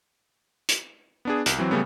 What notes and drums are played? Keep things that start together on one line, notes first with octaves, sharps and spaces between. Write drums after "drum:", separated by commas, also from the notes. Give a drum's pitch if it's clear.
drum: hi-hat
B3 D4 G#4
C2, drum: hi-hat
E3 F#3 C4
C#3 G3 A3 B3 C#4